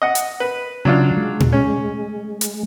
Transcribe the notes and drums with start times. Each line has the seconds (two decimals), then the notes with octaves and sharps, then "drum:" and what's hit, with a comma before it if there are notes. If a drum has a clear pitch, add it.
0.02 D#5 F#5
0.15 drum: hi-hat
0.40 B4
0.85 C#3 F#3 D4 F4
1.17 G#3
1.40 drum: tom A#2
1.53 C#4
2.41 drum: hi-hat